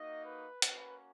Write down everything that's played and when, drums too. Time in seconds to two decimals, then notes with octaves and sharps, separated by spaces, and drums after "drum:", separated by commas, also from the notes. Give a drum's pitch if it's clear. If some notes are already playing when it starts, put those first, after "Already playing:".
Already playing: A#3 D#4 F#4 D#5
0.25 B4
0.62 A#3 C#4 F#4 B4, drum: hi-hat